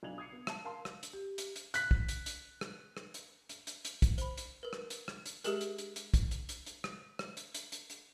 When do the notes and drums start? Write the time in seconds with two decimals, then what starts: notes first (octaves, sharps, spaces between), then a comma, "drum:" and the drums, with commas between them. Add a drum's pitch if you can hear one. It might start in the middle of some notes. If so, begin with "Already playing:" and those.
0.03 B1 D4 D#4 G#6 F7 F#7
0.18 D#6 G#6 C7 C#7
0.32 B3
0.47 E5 A5, drum: rim click
0.64 A#4 F5 A5 C6
0.85 drum: rim click
1.03 drum: hi-hat
1.13 G4
1.38 drum: hi-hat
1.56 drum: hi-hat
1.74 F#6 B6, drum: hi-hat
1.91 drum: kick
2.09 drum: hi-hat
2.26 drum: hi-hat
2.61 drum: rim click
2.97 drum: rim click
3.14 drum: hi-hat
3.49 drum: hi-hat
3.67 drum: hi-hat
3.85 drum: hi-hat
4.02 drum: kick, hi-hat
4.18 C5 B5, drum: hi-hat
4.37 drum: hi-hat
4.63 A#4 B4
4.73 drum: rim click
4.90 drum: hi-hat
5.08 drum: rim click
5.26 drum: hi-hat
5.44 G#3 G4 G#4 A#4, drum: hi-hat
5.61 drum: hi-hat
5.78 drum: hi-hat
5.96 drum: hi-hat
6.14 drum: kick, hi-hat
6.31 drum: hi-hat
6.49 drum: hi-hat
6.66 drum: hi-hat
6.84 drum: rim click
7.19 drum: rim click
7.37 drum: hi-hat
7.55 drum: hi-hat
7.72 drum: hi-hat
7.90 drum: hi-hat